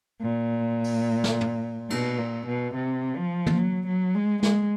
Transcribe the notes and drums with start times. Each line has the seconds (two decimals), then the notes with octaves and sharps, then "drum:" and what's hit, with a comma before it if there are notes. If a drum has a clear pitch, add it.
0.22 A#2
0.84 drum: open hi-hat
1.24 drum: snare
1.41 drum: tom
1.90 B2, drum: cymbal
2.18 A#2
2.46 B2
2.74 C3
3.17 F3
3.46 drum: tom
3.58 F#3
3.87 F#3
4.15 G#3
4.43 G#3, drum: snare